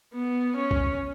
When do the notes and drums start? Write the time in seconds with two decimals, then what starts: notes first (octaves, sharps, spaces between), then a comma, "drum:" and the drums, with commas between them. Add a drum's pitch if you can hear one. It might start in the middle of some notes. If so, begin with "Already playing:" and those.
0.14 B3
0.57 C#4
0.71 drum: kick